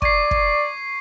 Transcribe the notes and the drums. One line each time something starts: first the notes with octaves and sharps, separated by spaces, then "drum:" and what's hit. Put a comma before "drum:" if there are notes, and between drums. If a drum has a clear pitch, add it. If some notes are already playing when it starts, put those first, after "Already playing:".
D5 C#6 G#6 C7, drum: kick
drum: kick